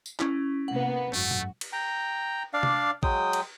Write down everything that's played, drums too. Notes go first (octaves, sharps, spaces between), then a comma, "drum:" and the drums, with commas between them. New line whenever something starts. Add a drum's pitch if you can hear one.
drum: tambourine
C#4 E4, drum: clap
C3 A#3 B3 F#5
G#1 F#2 A3 F#4
drum: tom
drum: cymbal
G5 A#5
D4 D5 F5
drum: tom C3
F#3 G#3 G5 D#6, drum: kick A1
drum: cymbal